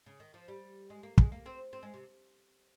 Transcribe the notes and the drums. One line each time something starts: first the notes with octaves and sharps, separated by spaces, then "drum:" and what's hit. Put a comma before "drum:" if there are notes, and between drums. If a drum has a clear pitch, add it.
C#3
D#3
F3
G3
G#3
A#3
G#3, drum: kick
A#3
C4
C4
G#3
C3